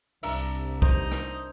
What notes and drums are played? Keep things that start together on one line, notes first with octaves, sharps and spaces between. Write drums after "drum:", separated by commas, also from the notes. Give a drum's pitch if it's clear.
C2 D4 A#4 E5, drum: cymbal
D#4 C5, drum: kick
drum: rim click